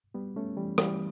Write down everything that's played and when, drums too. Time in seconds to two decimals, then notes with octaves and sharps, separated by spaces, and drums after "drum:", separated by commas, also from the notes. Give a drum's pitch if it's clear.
0.14 G3 B3
0.36 A3 C#4
0.57 E3 G3
0.78 E3 G3, drum: rim click